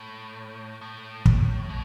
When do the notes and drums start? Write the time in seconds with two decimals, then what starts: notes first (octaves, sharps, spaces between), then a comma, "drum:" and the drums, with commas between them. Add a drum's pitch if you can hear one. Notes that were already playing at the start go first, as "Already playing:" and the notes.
Already playing: A2
0.81 A2
1.26 drum: kick
1.69 B2